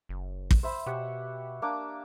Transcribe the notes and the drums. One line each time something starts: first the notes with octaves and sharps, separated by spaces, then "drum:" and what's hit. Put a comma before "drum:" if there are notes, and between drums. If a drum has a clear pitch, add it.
F#1
drum: kick
C5 E5 B5
B2 G4 C#5 F#5
A#3 D4 D6